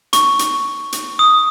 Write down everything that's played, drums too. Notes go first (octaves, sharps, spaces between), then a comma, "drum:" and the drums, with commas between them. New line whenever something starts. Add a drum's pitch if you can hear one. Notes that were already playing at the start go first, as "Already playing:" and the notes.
C#6, drum: hi-hat
drum: hi-hat
drum: hi-hat
D#6